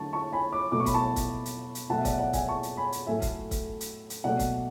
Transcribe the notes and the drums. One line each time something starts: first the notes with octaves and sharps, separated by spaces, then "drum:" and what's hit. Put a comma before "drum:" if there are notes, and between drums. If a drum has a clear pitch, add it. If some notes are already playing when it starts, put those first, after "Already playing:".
Already playing: D3 F#3 A3 A5 C#6
A5 C#6
G#5 B5
B5 D6
B2 F#3 A3 D6
C#6
B5, drum: kick C#1, hi-hat
A5 C#6
drum: kick C#1, hi-hat
drum: hi-hat
drum: hi-hat
B2 F#3 A3 F#5 A5
E5
D5 F#5, drum: kick C#1, hi-hat
E5
D5 F#5
E5 G#5, drum: kick C#1, hi-hat
A5 C#6
drum: hi-hat
G#5 B5
drum: hi-hat
A2 F#3 A3 E5 G#5
drum: kick C#1, hi-hat
drum: kick C#1, hi-hat
drum: hi-hat
drum: hi-hat
B2 F#3 A3 D5 F#5
drum: kick C#1, hi-hat